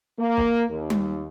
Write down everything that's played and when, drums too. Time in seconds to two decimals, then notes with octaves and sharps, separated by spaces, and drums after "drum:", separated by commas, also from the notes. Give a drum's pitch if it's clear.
0.20 A#3
0.37 drum: kick
0.71 D#2
0.90 drum: tom G3